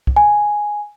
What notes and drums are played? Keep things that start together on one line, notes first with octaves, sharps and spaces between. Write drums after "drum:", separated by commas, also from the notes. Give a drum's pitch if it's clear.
drum: kick
G#5